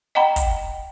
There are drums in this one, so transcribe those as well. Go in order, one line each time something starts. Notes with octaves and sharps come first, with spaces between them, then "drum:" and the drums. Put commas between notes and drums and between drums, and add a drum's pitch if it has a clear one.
D#5 F#5 G5 A#5 B5
drum: kick, hi-hat